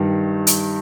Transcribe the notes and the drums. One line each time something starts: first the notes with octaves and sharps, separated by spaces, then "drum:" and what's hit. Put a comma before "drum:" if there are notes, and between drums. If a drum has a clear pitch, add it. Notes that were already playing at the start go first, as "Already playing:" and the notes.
Already playing: G2 D#3 G3
drum: hi-hat